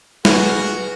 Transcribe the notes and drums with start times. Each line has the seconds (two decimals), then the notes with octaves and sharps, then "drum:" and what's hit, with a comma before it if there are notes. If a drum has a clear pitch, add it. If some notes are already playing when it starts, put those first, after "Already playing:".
0.25 F#4 G#4 A#4 B4, drum: snare